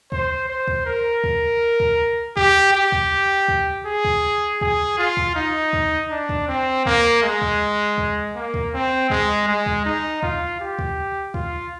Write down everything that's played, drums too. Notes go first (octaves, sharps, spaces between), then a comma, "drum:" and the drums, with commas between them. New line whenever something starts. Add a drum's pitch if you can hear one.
C5, drum: kick
C5
drum: kick
A#4
drum: kick
drum: kick
G4, drum: kick
G4
drum: kick
drum: kick
G#4
drum: kick
G#4, drum: kick
F4
drum: kick
D#4
drum: kick
D4
drum: kick
C4
A#3, drum: kick
G#3
drum: kick
drum: kick
A#3
drum: kick
C4
G#3, drum: kick
G#3
drum: kick
D#4
F4, drum: kick
G4
drum: kick
F4, drum: kick